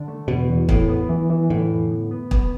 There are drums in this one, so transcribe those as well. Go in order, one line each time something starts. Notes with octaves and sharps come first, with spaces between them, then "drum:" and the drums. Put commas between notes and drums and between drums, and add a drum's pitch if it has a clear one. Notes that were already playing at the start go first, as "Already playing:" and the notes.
Already playing: D3 D4
A3
E2 B2
E2
A2 B3, drum: kick
B3
E3
E3
A2 D3
F2
B3
B3
B3, drum: kick